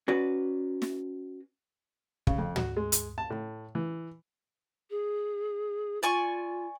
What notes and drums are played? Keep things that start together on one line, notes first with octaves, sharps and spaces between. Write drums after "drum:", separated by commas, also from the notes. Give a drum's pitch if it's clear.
C#4 F#4 B4 D5
drum: snare
C#3, drum: kick
F2
F#4, drum: tom
G#3
drum: hi-hat
A5
A2
E3
G#4
F4 D5 G#5 C#6